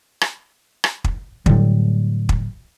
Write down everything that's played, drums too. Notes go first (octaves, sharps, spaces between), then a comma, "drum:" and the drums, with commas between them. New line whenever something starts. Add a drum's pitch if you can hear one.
drum: rim click
drum: rim click
drum: kick
A2 D3 F#3 G3, drum: kick
drum: kick